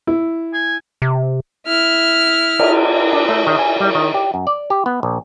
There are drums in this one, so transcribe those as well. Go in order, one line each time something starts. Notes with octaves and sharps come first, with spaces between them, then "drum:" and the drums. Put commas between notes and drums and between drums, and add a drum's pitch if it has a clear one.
E4
G#5
C3
E4 F6
drum: cymbal
D4
A3
D#3
G#5
G3
D#3
G4
F#2
D5
G4
B3
A#1